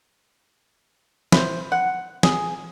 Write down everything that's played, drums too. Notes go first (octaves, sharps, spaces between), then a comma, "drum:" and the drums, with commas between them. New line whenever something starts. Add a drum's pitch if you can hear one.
E4 C5, drum: snare
F#5
G#4, drum: snare